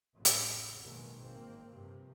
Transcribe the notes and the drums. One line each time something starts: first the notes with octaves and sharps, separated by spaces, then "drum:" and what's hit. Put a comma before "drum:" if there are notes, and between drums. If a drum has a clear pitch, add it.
A1 F2 C#3
drum: hi-hat
B2 D#3 E3 F#3 G#3 A#3
G#1 A#3 C4
G2 C3 F3